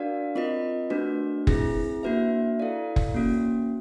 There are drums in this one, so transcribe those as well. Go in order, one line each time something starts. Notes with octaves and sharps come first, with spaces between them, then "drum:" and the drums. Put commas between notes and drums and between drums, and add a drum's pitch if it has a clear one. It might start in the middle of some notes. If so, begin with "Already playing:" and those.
Already playing: D4 F#4 A#4 D5 F5
C4 F4 A#4 D#5
A3 D4 F#4 B4
C4 E4 G#4, drum: kick F1
A#3 D4 F#4 B4 E5
E4 A4 D5 F5
drum: kick F1
A#3 C#4 F#4